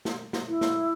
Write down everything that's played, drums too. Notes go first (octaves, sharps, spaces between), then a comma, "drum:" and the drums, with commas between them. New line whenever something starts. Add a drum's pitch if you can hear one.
drum: snare
drum: snare
E4
drum: snare